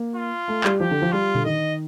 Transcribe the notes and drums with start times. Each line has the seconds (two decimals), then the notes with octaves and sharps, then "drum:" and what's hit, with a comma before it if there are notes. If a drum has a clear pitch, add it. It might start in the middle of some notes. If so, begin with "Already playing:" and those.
Already playing: A#3
0.15 F4
0.48 A3
0.64 G3, drum: clap
0.80 F3 G4
0.91 D3
1.02 F3
1.12 G3 F4
1.35 D3, drum: tom A#2
1.44 D#3 D#5